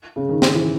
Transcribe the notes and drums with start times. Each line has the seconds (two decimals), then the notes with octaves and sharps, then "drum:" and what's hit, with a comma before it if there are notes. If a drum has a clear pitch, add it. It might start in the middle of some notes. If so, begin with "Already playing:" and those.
0.16 C#3
0.29 D#3
0.42 drum: snare
0.55 E3